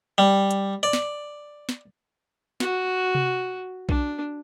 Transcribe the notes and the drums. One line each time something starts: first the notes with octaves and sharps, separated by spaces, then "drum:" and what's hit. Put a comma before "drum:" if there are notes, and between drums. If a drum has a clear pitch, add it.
G3
drum: hi-hat
D5
drum: snare
drum: snare
F#4, drum: snare
drum: tom C3
D4, drum: kick B1